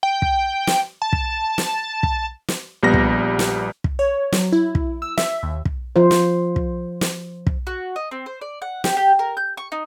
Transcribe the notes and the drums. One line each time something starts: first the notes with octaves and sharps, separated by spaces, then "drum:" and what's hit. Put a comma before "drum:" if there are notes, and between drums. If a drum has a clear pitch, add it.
G5
drum: kick
drum: snare
A5
drum: kick
drum: snare
drum: kick
drum: snare
A#1 G3 B3 A#6
drum: kick
drum: snare
drum: kick
C#5
F#3, drum: snare
E4
drum: kick
E6
E5, drum: snare
D#2
drum: kick
F3 F4 C5
drum: snare
drum: kick
drum: snare
drum: kick
F#4
D#5
C4
C5
D5
F#5
G4, drum: snare
G4
A#4
G6
C#6
D#4